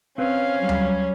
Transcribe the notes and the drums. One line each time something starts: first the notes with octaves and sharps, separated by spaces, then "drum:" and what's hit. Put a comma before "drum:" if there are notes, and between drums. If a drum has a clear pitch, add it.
C4 C#4 B4 C5 F5
F#3 G3
drum: tom D2